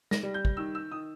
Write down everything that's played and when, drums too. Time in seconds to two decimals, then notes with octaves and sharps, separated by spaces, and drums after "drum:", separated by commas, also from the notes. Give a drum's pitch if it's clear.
0.11 A#6, drum: snare
0.23 G3
0.34 G6
0.45 drum: kick
0.57 D#3 E6
0.75 E6
0.92 D#3 D#6